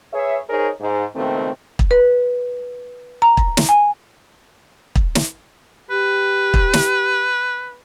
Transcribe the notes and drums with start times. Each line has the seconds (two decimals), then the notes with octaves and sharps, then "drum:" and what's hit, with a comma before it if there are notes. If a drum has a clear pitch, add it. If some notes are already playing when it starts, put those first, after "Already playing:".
0.13 G#4 B4 C#5 E5
0.49 D#4 G#4 A#4 C5 C#5
0.80 G#2
1.15 C#2 B2 D#3 A3 C4
1.79 drum: kick
1.91 B4
3.22 A#5
3.37 drum: kick
3.57 drum: snare
3.69 G#5
4.95 drum: kick
5.15 drum: snare
5.90 G4 B4
6.54 drum: kick
6.73 drum: snare